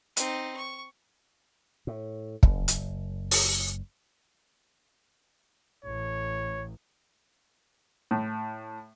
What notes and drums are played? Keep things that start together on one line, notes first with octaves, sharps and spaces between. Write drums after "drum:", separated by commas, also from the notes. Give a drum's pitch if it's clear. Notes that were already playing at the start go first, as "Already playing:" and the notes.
C4 D#4, drum: hi-hat
C#6
A2
F#1, drum: kick
drum: hi-hat
drum: open hi-hat
A1 C#5
A2